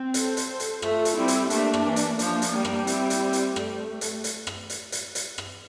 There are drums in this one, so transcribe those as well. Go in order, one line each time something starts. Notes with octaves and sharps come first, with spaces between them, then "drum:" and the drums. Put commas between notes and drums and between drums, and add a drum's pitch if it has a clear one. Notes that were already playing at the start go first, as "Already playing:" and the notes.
Already playing: C4
A4 C5, drum: hi-hat
drum: hi-hat
drum: hi-hat
A3 F4 A4, drum: rim click
drum: hi-hat
G3 C4 E4
drum: hi-hat
A3 A#3 D4, drum: hi-hat
drum: rim click
E3
drum: hi-hat
F3 A#3 D4, drum: hi-hat
drum: hi-hat
G3
drum: rim click
C4 E4, drum: hi-hat
drum: hi-hat
C4
drum: hi-hat
A3, drum: rim click
drum: hi-hat
drum: hi-hat
drum: rim click
drum: hi-hat
drum: hi-hat
drum: hi-hat
drum: rim click